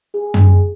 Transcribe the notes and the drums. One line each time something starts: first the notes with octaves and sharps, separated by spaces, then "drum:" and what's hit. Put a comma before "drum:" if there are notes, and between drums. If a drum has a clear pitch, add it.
G#4
drum: tom F#2